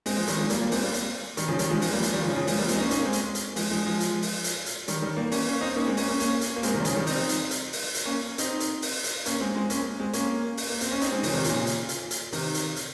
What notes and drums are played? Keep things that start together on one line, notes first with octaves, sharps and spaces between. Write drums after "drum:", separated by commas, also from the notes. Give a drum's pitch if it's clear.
G#3 C4, drum: open hi-hat
F3 G#3
D#3 G3, drum: hi-hat
F3 G#3
G3 A#3, drum: hi-hat
G3 A#3
G#3 C4, drum: open hi-hat
G3 A#3
drum: hi-hat
D#3 G3, drum: hi-hat
C#3 F3
D#3 G3, drum: hi-hat
F3 G#3
F3 G#3, drum: open hi-hat
G3 A#3
F3 G#3, drum: hi-hat
D#3 G3
C#3 F3
C#3 F3
F3 G#3, drum: open hi-hat
G3 A#3
G#3 C4, drum: hi-hat
D#4
A#3 C#4
A#3 C#4, drum: hi-hat
G#3 C4
drum: hi-hat
drum: hi-hat
F3 G#3, drum: open hi-hat
F3 G#3
F3 G#3
drum: hi-hat
drum: open hi-hat
drum: hi-hat
drum: hi-hat
D#3 G3, drum: hi-hat
D#3 G3
G3 A#3
A#3 C#4, drum: open hi-hat
A#3 C#4
C4 D#4
A#3 C#4
G#3 C4
A#3 C#4, drum: open hi-hat
A#3 C#4
A#3 C#4, drum: hi-hat
drum: hi-hat
A#3
G#3 C4, drum: hi-hat
C3 D#3
G3
C#3 F3, drum: hi-hat
D#3 G3
C4 D#4, drum: open hi-hat
drum: hi-hat
drum: hi-hat
drum: open hi-hat
drum: hi-hat
A#3 C#4
C4 D#4, drum: hi-hat
drum: hi-hat
drum: open hi-hat
drum: hi-hat
A#3 C#4, drum: hi-hat
G#3 C4
G#3 C4
A#3 C#4, drum: hi-hat
G#3 C4
A#3 C#4, drum: hi-hat
drum: open hi-hat
A#3
C4, drum: hi-hat
C#4
C4 D#4, drum: hi-hat
G#3 C4
C#3 F3, drum: open hi-hat
C3 D#3
A#2 C#3, drum: hi-hat
drum: hi-hat
drum: hi-hat
drum: hi-hat
C3 D#3, drum: open hi-hat
drum: hi-hat
drum: hi-hat